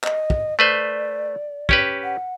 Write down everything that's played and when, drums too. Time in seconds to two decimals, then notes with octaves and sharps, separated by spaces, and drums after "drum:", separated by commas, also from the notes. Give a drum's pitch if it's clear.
0.04 D#5, drum: clap
0.30 drum: kick
0.59 A3 B4 C5 D5
1.69 C#4 G4 B4, drum: kick
2.04 F#5